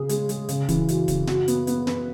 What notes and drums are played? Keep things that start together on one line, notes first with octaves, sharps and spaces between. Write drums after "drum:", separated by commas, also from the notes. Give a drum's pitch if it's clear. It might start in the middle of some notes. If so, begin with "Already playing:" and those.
Already playing: C#3 G#4
G#3, drum: hi-hat
G#3, drum: hi-hat
C#3, drum: hi-hat
E3, drum: kick, hi-hat
F#2, drum: hi-hat
C#3, drum: kick, hi-hat
F#4, drum: snare
B3, drum: hi-hat
B3, drum: hi-hat
B4, drum: snare